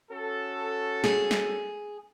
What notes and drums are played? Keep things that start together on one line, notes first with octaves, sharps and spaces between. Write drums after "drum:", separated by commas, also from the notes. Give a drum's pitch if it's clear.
C#4 F#4 A4
G#4, drum: snare
drum: snare